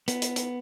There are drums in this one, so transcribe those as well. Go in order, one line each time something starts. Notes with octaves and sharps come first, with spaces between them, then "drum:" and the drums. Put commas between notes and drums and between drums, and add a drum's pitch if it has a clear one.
B3, drum: hi-hat
drum: hi-hat
drum: hi-hat